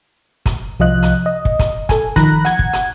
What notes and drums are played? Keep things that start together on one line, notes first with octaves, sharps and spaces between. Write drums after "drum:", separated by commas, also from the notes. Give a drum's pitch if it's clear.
drum: kick, hi-hat
C2 F3 F4 D#5 F#6
drum: hi-hat
D#5
drum: kick
drum: kick, hi-hat
A4 G#5, drum: kick, hi-hat
D#3 F3 A#5 B5 F#6 A#6, drum: kick, hi-hat
F#5 G#6, drum: hi-hat
drum: kick
drum: hi-hat